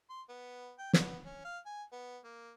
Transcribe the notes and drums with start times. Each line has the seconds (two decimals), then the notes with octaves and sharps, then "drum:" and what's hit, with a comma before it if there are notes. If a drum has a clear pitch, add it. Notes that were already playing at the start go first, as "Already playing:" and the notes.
0.10 C6
0.29 B3
0.79 G5
0.93 B3, drum: snare
1.25 C#4
1.45 F5
1.66 G#5
1.92 B3
2.24 A#3